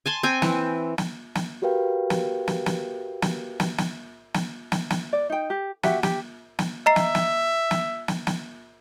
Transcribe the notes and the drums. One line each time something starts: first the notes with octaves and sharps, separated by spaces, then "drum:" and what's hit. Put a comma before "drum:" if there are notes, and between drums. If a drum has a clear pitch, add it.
G#5 A5 C6
C4 G#5
E3, drum: snare
drum: snare
drum: snare
F#4 G4 A#4 B4 F5 G5
drum: snare
drum: snare
drum: snare
drum: snare
drum: snare
drum: snare
drum: snare
drum: snare
drum: snare
D5
D#4 G5
G4
F#4 G4 E5 F#5, drum: snare
G4, drum: snare
drum: snare
D#5 E5 A#5 C7
drum: snare
drum: snare
drum: snare
drum: snare
drum: snare